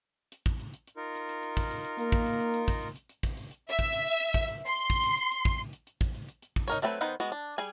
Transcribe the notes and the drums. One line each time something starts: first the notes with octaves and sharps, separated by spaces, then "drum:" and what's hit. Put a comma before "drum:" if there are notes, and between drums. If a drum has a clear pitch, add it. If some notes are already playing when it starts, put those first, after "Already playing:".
drum: hi-hat
drum: kick, hi-hat
drum: hi-hat
drum: hi-hat
drum: hi-hat
D#4 F4 A#4
drum: hi-hat
drum: hi-hat
drum: hi-hat
drum: kick, hi-hat
drum: hi-hat
drum: hi-hat
A#3, drum: hi-hat
drum: kick, hi-hat
drum: hi-hat
drum: hi-hat
drum: hi-hat
drum: kick, hi-hat
drum: hi-hat
drum: hi-hat
drum: hi-hat
drum: kick, hi-hat
drum: hi-hat
drum: hi-hat
E5
drum: kick, hi-hat
drum: hi-hat
drum: hi-hat
drum: hi-hat
drum: kick
drum: hi-hat
C6
drum: kick, hi-hat
drum: hi-hat
drum: hi-hat
drum: hi-hat
drum: kick, hi-hat
drum: hi-hat
drum: hi-hat
drum: kick, hi-hat
drum: hi-hat
drum: hi-hat
drum: hi-hat
drum: kick, hi-hat
D#4 A#4 C#5, drum: hi-hat
F#3 A3 C4 A4 B4, drum: hi-hat
D#3 B3 D#4 B4 C5, drum: hi-hat
G#3 B3 F#4
D4
G3 G#4 G#5